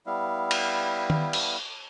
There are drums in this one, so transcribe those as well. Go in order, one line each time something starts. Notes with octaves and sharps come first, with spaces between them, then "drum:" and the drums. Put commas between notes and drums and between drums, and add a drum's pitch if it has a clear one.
G3 B3 E4 F5
drum: cymbal
drum: tom D#3
drum: cymbal